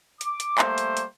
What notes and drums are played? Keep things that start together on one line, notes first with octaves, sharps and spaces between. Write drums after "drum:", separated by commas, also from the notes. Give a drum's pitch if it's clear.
D6, drum: hi-hat
drum: hi-hat
G3 A3 A#3 C5, drum: clap
drum: hi-hat
drum: hi-hat